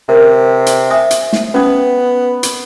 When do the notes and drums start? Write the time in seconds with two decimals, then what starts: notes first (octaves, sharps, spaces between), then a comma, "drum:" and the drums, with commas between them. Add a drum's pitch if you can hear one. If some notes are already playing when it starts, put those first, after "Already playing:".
0.09 C3 A#4
0.66 drum: hi-hat
0.90 E5 G#5 D#6
1.11 drum: hi-hat
1.33 drum: snare
1.55 B3 C#4 D#4 D#6
2.43 drum: hi-hat